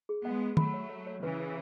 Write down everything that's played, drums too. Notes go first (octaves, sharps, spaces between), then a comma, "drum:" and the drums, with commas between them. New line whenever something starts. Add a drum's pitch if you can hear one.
G#4
G#3 B3 F#5
F#5
F#3 A3 B5, drum: tom D#3
C#5
C#5
C#5
C#3 E3 B4
B4